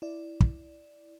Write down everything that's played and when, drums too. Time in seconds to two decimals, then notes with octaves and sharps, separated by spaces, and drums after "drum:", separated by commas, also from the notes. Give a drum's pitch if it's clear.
0.02 E4 D5
0.40 drum: kick